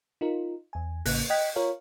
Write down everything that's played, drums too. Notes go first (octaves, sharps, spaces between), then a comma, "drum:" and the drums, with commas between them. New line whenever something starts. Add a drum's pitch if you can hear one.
D#4 F4 A#4
E2 G#5
A1 C#3 A#3 F#6 A#6, drum: open hi-hat
D#5 G5 F#6 G#6 B6
F4 A#4 C#5 F5